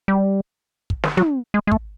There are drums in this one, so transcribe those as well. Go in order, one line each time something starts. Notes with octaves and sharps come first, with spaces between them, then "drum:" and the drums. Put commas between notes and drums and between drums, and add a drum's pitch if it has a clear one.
G3
drum: kick
drum: snare
F#3, drum: tom
G#3
G#3
A3, drum: kick